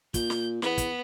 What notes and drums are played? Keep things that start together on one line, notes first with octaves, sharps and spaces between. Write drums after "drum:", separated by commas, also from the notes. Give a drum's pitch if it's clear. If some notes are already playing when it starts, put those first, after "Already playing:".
A#2 G6, drum: kick, hi-hat
drum: snare
E2 B3, drum: snare
drum: kick, hi-hat